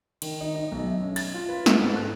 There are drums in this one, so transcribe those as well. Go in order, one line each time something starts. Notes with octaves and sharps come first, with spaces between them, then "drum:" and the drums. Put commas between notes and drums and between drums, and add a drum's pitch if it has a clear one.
D#3, drum: cymbal
D#4
D#4
B1
E5
C#4
A6, drum: cymbal
F4
B4
A4, drum: snare
G#2
F#6